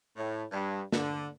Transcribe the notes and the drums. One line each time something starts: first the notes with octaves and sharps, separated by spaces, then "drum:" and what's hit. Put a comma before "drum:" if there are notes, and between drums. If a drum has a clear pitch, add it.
A2
G2
D3, drum: snare